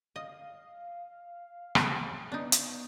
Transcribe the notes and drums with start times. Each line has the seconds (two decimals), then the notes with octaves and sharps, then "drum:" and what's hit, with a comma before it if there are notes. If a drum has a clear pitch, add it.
0.16 D#5 F5
1.75 drum: rim click
2.32 B3 D4 D#4
2.52 drum: hi-hat